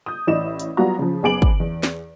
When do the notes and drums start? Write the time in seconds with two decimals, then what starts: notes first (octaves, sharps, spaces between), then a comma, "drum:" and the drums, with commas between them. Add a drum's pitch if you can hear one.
0.06 D#6 G6
0.27 A1 E4 D5 D#5 E7
0.59 drum: hi-hat
0.77 F#3 G3 B3 F4 F#4 A#5
0.99 C#3 F3
1.23 F#1 B3 G#4 D6 D7 F#7
1.42 drum: kick
1.60 E2
1.83 drum: snare